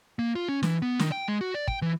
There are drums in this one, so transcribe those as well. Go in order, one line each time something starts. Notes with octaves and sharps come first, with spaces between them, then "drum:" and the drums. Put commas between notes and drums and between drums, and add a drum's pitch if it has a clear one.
A#3
F4
C#4
E3, drum: snare
B3
D#3, drum: snare
G5
G#3
F#4
D5
G5, drum: kick
E3